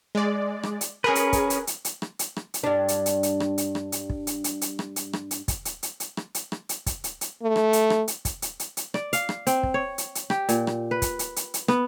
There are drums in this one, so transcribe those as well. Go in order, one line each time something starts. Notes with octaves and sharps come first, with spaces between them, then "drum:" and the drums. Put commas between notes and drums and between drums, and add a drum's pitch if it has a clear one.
G#3 D5
drum: rim click
drum: hi-hat
C#4 G#4 A#4 B4
drum: hi-hat
drum: kick, hi-hat
drum: hi-hat
drum: hi-hat
drum: hi-hat
drum: rim click
drum: hi-hat
drum: rim click
drum: hi-hat
G2 D4
drum: hi-hat
drum: hi-hat
drum: hi-hat
drum: rim click
drum: hi-hat
drum: rim click
drum: hi-hat
drum: kick
drum: hi-hat
drum: hi-hat
drum: hi-hat
drum: rim click
drum: hi-hat
drum: rim click
drum: hi-hat
drum: kick, hi-hat
drum: hi-hat
drum: hi-hat
drum: hi-hat
drum: rim click
drum: hi-hat
drum: rim click
drum: hi-hat
drum: kick, hi-hat
drum: hi-hat
drum: hi-hat
A3
drum: rim click
drum: hi-hat
drum: rim click
drum: hi-hat
drum: kick, hi-hat
drum: hi-hat
drum: hi-hat
drum: hi-hat
D5, drum: rim click
F5, drum: hi-hat
drum: rim click
C4, drum: hi-hat
drum: kick
C#5
drum: hi-hat
drum: hi-hat
G4, drum: rim click
A#2, drum: hi-hat
drum: rim click
B4
drum: kick, hi-hat
drum: hi-hat
drum: hi-hat
drum: hi-hat
B3, drum: rim click